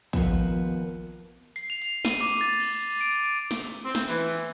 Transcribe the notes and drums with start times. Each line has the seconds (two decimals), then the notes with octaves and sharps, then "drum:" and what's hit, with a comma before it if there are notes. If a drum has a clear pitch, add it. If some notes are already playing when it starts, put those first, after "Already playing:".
0.13 D#2 F3 B3, drum: kick
1.56 C7, drum: hi-hat
1.70 F7
1.82 drum: hi-hat
2.05 D#7, drum: snare
2.21 D6
2.41 A6
2.60 drum: cymbal
3.01 D7
3.51 drum: snare
3.85 C4
3.95 drum: snare
4.08 E3, drum: tambourine